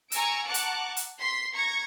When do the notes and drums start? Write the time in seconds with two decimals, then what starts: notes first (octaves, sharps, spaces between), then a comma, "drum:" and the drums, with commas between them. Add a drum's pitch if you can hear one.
0.12 G#5 A#5 C#6 E6 A#6 D7, drum: hi-hat
0.45 F#5 A5 A#5 C#6 D6 F#6
0.54 drum: hi-hat
0.97 drum: hi-hat
1.18 C6 B6 C7
1.52 A#5 C#6 G#6 A#6